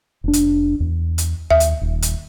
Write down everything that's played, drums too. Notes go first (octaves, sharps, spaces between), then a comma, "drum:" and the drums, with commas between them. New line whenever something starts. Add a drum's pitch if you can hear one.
F1 D4
drum: hi-hat
E2
drum: hi-hat
D#2 E5
drum: hi-hat
D#1
drum: hi-hat